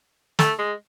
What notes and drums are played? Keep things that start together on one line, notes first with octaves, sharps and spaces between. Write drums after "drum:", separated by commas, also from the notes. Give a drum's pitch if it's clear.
A3, drum: snare
G#3